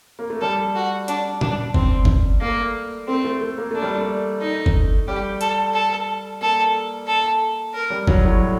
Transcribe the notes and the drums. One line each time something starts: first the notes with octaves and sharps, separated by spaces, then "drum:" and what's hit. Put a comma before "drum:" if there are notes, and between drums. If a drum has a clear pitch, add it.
A#3
A3
G3 A4
F#4
D4, drum: hi-hat
D4, drum: tom A#2
C4, drum: kick F#1
drum: kick F#1
A3 A#3
A3 C4
A3
A3
A#3
A3 D4
G3
A3
D#4
drum: kick F#1
G3 G4
A4, drum: hi-hat
A4
A#3 A4
A4
A#4
G3
F#3, drum: kick F#1
A2